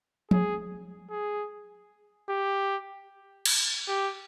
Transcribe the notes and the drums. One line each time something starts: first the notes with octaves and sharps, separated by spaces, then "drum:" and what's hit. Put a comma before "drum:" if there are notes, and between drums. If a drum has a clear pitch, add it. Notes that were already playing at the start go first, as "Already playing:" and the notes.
G#4, drum: tom F3
G#4
G4
drum: cymbal
G4